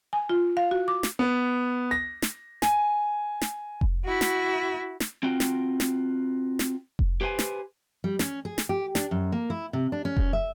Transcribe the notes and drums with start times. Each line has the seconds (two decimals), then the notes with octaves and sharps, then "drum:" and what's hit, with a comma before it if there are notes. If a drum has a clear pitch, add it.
0.13 G#5
0.29 F4
0.57 F5
0.71 F#4
0.88 D6
1.03 drum: snare
1.19 B3
1.91 A#6
2.22 drum: snare
2.62 G#5, drum: snare
3.42 drum: snare
3.81 drum: kick F1
4.05 E4 F#4
4.21 drum: snare
5.00 drum: snare
5.23 C4 F4 F#4 G5
5.40 drum: snare
5.80 drum: snare
6.59 drum: snare
6.99 drum: kick F1
7.21 G4 B4 C5 G5 G#5
7.39 drum: snare
8.04 G3
8.19 C#4, drum: snare
8.45 G#4
8.58 drum: snare
8.69 G4
8.95 D4, drum: snare
9.11 F#2
9.32 A#3
9.50 E4
9.73 C3
9.92 D4
10.05 C#4
10.17 drum: kick F1
10.33 E5